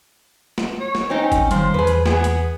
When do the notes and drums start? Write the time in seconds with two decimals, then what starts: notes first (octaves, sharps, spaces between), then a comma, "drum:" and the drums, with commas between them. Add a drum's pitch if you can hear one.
0.58 drum: snare
0.80 C#5
0.95 drum: snare
1.10 C4 C#4 D#4
1.32 drum: kick G1, hi-hat
1.51 A#2 D#3 G3 C5, drum: hi-hat
1.74 E2 G#4 B4
1.87 drum: hi-hat
2.06 B3 G#4, drum: snare
2.24 drum: hi-hat